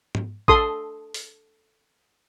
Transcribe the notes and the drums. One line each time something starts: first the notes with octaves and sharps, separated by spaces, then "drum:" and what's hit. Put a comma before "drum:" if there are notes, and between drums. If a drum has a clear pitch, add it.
drum: tom G#2
A4 C6 D#6, drum: kick A1
drum: open hi-hat